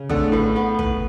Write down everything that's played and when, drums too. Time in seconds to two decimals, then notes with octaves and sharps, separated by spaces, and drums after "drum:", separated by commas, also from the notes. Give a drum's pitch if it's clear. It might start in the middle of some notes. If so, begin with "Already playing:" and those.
Already playing: C#3
0.10 D3 A3, drum: kick
0.32 A2 B4
0.56 B3
0.79 B4, drum: kick